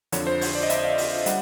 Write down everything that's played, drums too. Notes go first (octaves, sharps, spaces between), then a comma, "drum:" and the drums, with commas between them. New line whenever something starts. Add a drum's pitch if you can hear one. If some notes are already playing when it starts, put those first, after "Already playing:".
F2 D3 F3 C#5, drum: hi-hat
C5
C#5, drum: open hi-hat
D5
D#5
E5, drum: hi-hat
F5
drum: open hi-hat
G3 F#5, drum: hi-hat